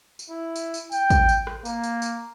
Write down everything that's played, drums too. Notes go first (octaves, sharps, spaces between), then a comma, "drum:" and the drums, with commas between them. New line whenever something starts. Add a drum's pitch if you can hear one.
drum: tambourine
E4
drum: tambourine
drum: tambourine
G5, drum: tambourine
drum: kick, tambourine
drum: tambourine
drum: rim click
A#3, drum: tambourine
drum: tambourine
drum: tambourine